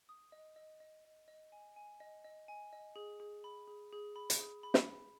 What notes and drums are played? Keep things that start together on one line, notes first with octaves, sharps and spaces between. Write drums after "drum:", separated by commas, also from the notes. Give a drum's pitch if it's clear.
D#6
D#5
D#5
D#5
D#5
D#5
G#5
G#5
D#5
D#5
G#5
D#5
G#4
G#4
B5
G#4
G#4
B5
drum: hi-hat
G#4
B5
drum: snare
B5